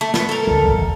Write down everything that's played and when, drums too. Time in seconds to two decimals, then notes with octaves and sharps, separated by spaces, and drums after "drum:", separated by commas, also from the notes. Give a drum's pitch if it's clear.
0.01 A3
0.14 B3, drum: snare
0.29 A4 A#4
0.47 C#2 G3
0.64 G#1 E2